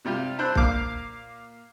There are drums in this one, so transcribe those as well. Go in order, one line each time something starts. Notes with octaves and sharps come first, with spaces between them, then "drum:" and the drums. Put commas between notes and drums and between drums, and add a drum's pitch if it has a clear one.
C3 G3 F4 G4
D4 C5 B5 E6 F#6
A#2 A#3 F5 D6, drum: kick B1